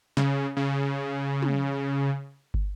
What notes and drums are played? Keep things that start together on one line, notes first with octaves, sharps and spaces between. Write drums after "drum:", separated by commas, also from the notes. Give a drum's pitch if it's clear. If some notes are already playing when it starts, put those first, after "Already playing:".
C#3, drum: snare
C#3
drum: tom
drum: kick